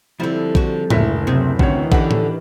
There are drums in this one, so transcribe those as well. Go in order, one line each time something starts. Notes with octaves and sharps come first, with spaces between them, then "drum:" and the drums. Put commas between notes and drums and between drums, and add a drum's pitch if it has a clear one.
D3 F3 G3 C4 E4
D3 F#4, drum: kick A#1
F#1 D2 A#2 G#3 E4 B6, drum: tom A2
C3 F#3 C4 G#4
D2 D#3 E3 C4 C#4 F#4 C#5, drum: kick A#1
D3 C#4 D4 G4 B4 F#5, drum: kick A#1
drum: tom A2